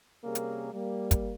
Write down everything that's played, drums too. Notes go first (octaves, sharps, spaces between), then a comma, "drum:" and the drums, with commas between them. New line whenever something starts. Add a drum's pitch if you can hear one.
C3 G3 A#3 C#4 G#4 A#4
drum: hi-hat
G3 A#3
drum: kick, hi-hat